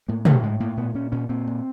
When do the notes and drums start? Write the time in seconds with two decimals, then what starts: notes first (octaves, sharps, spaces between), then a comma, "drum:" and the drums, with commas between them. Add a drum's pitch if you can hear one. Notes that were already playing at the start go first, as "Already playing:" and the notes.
0.08 A2 A#3
0.25 A2 A3, drum: tom
0.43 A2 G#3
0.60 A2 A#3
0.77 A#2 B3
0.94 A#2 C#4
1.12 A#2 C#4
1.29 A#2 C4
1.47 A#2